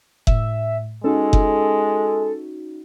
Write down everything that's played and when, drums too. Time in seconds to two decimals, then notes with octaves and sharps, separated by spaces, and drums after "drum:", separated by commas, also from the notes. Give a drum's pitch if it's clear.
0.27 A2 E5, drum: kick F#1
1.04 G#3 C#4 D#4 F#4 A4
1.33 drum: kick F#1